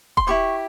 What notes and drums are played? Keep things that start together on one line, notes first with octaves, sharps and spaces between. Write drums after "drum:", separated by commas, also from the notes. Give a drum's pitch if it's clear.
C6, drum: kick D#1
E4 G4 C5 C#6